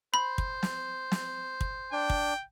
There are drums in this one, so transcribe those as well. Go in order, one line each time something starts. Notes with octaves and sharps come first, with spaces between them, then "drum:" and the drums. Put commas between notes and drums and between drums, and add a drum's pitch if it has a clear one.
C5 B5
drum: kick
drum: snare
drum: snare
drum: kick
D4 G5
drum: kick